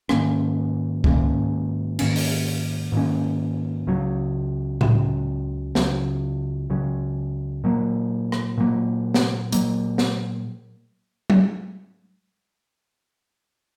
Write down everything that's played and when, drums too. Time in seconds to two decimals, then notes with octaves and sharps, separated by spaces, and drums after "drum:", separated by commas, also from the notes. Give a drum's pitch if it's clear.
0.09 G#2 D#3 A#3 C#4, drum: rim click
1.04 G#2 D#3 A#3 C#4, drum: kick C#2
1.99 G#2 D#3 A#3 C#4, drum: cymbal
2.16 drum: open hi-hat
2.92 G#2 D#3 A#3 C#4
3.87 C#2 C#3 F#3
4.81 C#2 C#3 F#3, drum: tom A2
5.75 C#2 C#3 F#3, drum: snare
6.70 C#2 C#3 F#3
7.64 A#2 F#3 A#3
8.32 drum: rim click
8.58 A#2 F#3 A#3
9.14 drum: snare
9.52 A#2 F#3 A#3, drum: hi-hat
9.98 drum: snare
11.30 drum: tom F#3